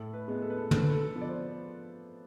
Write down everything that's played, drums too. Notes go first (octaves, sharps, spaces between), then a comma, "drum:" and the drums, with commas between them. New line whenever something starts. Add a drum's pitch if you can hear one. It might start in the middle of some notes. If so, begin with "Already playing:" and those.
Already playing: A2 A4
B4
G#3 B3
A4
B4
A4
D3 A4, drum: tom
B4
A4
A4
F3 B3
D5
C5